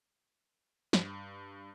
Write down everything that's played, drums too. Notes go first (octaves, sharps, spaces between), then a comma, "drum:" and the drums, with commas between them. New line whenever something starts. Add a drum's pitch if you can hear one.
G2, drum: snare